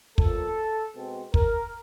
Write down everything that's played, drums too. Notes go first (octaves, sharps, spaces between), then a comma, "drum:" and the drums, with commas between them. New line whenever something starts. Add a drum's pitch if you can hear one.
A#2 F3 A3 A4, drum: kick
B2 G#3 C4
A#4, drum: kick